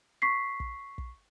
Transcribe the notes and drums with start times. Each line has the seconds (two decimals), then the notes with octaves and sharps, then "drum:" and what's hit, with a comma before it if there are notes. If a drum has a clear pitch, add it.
0.22 C#6 B6 C7
0.60 drum: kick
0.98 drum: kick